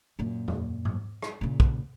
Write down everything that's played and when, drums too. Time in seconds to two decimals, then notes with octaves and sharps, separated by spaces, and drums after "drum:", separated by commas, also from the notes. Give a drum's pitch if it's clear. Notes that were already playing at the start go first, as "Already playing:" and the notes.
0.19 F#2 A#2
0.48 drum: tom E2
0.85 drum: tom G#2
1.22 drum: rim click
1.41 A#2 C#3
1.60 drum: kick